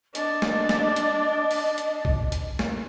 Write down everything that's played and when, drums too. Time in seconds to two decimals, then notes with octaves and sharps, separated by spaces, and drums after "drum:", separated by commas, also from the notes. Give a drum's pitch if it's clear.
0.15 D4 D#5, drum: hi-hat
0.42 drum: snare
0.69 drum: snare
0.96 drum: hi-hat
1.51 drum: open hi-hat
1.78 drum: hi-hat
2.05 drum: kick B1
2.32 drum: hi-hat
2.59 drum: snare